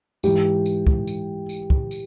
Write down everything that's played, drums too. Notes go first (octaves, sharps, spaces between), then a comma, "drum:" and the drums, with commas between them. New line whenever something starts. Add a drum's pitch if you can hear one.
G#2 E3 G4, drum: tambourine
drum: tambourine
drum: kick
drum: tambourine
drum: tambourine
drum: kick
drum: tambourine